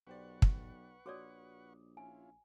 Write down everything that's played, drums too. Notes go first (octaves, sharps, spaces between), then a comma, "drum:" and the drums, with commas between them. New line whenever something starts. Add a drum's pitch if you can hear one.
B1 G4 B4 C5 D5 F#5 C#6
drum: kick
A#1 F#4 C#5 D5 D6 D#6
C#4 E4 F4 G#5